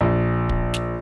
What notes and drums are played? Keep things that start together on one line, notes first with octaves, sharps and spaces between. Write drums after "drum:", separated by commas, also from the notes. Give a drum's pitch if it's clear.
A#1
drum: kick
drum: snare